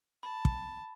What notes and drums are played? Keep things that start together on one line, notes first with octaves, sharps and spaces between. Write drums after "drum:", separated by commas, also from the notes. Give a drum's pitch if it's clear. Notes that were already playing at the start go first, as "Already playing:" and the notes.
A5 B5
drum: kick